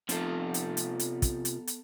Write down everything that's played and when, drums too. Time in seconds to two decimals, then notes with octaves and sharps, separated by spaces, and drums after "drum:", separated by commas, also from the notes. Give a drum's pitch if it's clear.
0.09 C3 F3 B3 A4, drum: hi-hat
0.54 drum: hi-hat
0.77 drum: hi-hat
0.99 drum: hi-hat
1.22 drum: kick, hi-hat
1.45 drum: hi-hat
1.67 drum: hi-hat